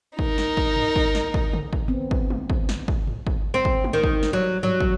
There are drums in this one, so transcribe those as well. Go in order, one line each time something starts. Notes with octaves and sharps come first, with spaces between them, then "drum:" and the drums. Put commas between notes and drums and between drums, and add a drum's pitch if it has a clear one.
D#4 A#4, drum: kick
drum: snare
drum: kick
drum: tom G2
drum: kick
drum: snare
drum: kick
drum: tom C#3
drum: kick
D#3 B3 C4
drum: kick
drum: tom G#3
drum: kick
drum: snare
drum: kick
drum: tom G#2
drum: kick
C4
drum: kick
drum: tom G#3
D#3
drum: kick
drum: snare
F#3
F#3, drum: tom G2
drum: kick